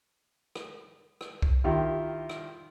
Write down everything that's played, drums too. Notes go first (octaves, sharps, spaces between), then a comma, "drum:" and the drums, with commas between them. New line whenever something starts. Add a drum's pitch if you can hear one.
drum: rim click
drum: rim click
drum: kick B1
D#3 E4 F4 G4
drum: rim click